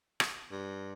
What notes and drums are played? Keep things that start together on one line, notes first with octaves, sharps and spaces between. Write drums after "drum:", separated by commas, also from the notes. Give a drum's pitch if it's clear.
drum: rim click
G2